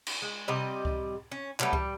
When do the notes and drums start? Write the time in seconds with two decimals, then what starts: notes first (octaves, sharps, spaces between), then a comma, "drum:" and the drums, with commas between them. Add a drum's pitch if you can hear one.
0.06 drum: cymbal
0.22 G#3
0.48 C3 G3 D#5
0.85 drum: kick C#2
1.32 C#4
1.60 F#3 G3 A3 B3, drum: clap
1.73 G3, drum: kick C#2